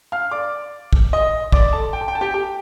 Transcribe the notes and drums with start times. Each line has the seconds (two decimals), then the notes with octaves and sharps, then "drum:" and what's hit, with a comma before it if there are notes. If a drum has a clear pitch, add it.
0.12 F5 F6
0.31 D5 D6
0.93 drum: kick
1.13 D#5 D#6
1.52 D5 D6, drum: kick
1.73 A4 A5
1.93 G5
2.01 A5
2.08 G5
2.15 A5
2.21 G4 G5
2.34 G4 G5